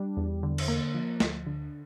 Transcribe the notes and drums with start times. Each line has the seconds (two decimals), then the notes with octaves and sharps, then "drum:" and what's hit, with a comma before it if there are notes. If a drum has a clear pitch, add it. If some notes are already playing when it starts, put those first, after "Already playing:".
Already playing: G3 D4
0.17 E2
0.43 D3
0.58 drum: cymbal
0.68 A#3
0.95 F3
1.20 D2, drum: snare
1.47 D3